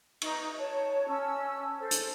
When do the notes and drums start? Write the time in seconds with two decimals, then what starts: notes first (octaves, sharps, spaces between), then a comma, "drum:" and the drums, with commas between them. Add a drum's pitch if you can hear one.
0.22 D#4, drum: cymbal
0.59 C#5 A5
1.08 C#4 A5 E6
1.79 A4 C5
1.91 drum: hi-hat